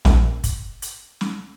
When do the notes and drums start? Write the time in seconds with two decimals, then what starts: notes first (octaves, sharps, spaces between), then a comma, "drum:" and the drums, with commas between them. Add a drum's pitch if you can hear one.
0.05 A#1, drum: snare
0.44 drum: kick, hi-hat
0.82 drum: hi-hat
1.21 drum: snare